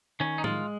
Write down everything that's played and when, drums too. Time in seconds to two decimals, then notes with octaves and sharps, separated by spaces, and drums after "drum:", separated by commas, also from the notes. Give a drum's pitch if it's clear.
0.20 D#3 C#4
0.38 D#4
0.44 G#3 F4, drum: tom